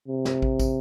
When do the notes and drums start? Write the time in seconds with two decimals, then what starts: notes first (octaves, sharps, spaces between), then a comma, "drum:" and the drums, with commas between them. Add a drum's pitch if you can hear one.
0.08 C3
0.25 drum: snare
0.42 drum: kick
0.59 drum: kick, tambourine